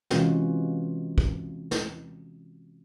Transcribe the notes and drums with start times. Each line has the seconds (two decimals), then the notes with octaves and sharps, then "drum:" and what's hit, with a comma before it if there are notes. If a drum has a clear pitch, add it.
0.10 C3 E3 G#3 C#4 F4 F#4, drum: snare
1.18 drum: kick
1.71 drum: snare